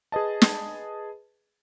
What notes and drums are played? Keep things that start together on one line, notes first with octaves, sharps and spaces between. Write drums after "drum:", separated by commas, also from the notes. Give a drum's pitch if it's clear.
G#4 B4 D#5 A5
drum: snare